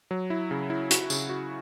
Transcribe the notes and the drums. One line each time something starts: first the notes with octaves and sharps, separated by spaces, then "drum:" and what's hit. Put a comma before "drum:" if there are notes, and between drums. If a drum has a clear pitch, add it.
F#3
E4
C#3
E4
F#4, drum: hi-hat
C#3, drum: tambourine
F#4